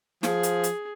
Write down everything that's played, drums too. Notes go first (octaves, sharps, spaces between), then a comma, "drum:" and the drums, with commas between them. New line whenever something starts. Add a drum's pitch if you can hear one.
F3 G#4, drum: snare
drum: hi-hat
drum: hi-hat